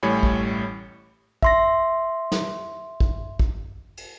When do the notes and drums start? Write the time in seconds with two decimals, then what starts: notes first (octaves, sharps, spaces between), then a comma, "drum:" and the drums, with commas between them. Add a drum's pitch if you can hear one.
0.03 A1 A2 G3 C#5 G#5 B5
0.23 drum: kick
1.43 E5 C6 A#6, drum: kick
2.32 drum: snare
3.00 drum: kick
3.39 drum: kick
3.97 drum: cymbal